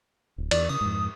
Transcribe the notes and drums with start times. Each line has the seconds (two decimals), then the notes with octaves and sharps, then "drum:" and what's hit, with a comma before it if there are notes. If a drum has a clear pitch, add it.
0.38 D1
0.51 E2 D5, drum: cymbal
0.69 C#3 D#6
0.81 F2 G#2